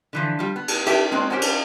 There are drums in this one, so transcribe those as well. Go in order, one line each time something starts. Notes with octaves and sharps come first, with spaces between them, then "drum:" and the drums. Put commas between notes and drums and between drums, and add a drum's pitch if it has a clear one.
D3 E3 F3
G3 F4
B3
drum: cymbal
G4 A4 E5 G5, drum: cymbal
G#3 A#3 C4 D4 F#4 C5
G4 A#4 C5 C#5 F#5 G#5
drum: cymbal